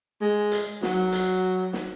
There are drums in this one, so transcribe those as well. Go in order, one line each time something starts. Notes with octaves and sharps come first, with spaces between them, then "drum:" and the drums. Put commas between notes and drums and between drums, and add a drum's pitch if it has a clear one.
G#3
drum: hi-hat
F#3, drum: snare
drum: hi-hat
drum: snare